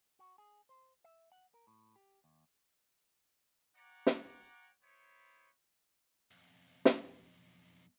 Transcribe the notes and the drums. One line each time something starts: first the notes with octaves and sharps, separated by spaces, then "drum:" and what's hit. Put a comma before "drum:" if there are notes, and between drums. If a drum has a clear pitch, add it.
F#4
G#4
C5
E5
F#5
A#4
A2
G4
D#2
C#5 D5 F#5 G5 A#5 D6
drum: snare
B3 E4 C5 C#5
B1 F2
drum: snare